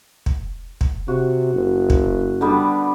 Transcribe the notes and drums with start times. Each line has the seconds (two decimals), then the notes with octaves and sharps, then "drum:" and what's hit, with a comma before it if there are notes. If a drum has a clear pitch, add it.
0.26 drum: kick
0.81 drum: kick
1.08 C3 F#4
1.54 F#1
1.90 drum: kick
2.41 D3 G3 B3